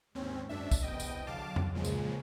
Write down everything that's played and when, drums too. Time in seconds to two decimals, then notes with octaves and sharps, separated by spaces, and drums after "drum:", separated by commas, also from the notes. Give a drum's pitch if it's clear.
0.15 D#2 G#2 C4 C#4
0.49 F#2 D4 E5
0.71 drum: kick, tambourine
0.82 E2 C3 B3 D#5 G5
1.00 drum: tambourine
1.27 D3 F#3 F5 A5 D6
1.56 drum: tom F2
1.75 C#2 A#2 C#3 F3 G#3
1.85 drum: tambourine